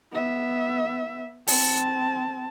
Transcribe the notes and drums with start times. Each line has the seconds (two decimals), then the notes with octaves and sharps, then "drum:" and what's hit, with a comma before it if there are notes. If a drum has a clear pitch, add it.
0.12 B3 E5
1.47 C4 A5, drum: open hi-hat